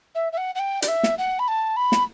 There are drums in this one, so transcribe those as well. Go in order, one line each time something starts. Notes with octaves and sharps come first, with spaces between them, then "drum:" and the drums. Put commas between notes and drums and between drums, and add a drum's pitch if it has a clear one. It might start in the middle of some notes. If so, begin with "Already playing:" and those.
E5
E5
F#5
F#5
G5
D5, drum: hi-hat
E5
drum: snare
F#5
B5
A5
B5
drum: snare